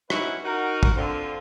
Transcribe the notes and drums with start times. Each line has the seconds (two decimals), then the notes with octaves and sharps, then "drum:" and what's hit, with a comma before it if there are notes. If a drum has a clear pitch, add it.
0.10 C#4 D#4 E4 F#4 B4, drum: rim click
0.44 D#4 F#4 A#4
0.83 drum: kick
0.96 D3 C4 F4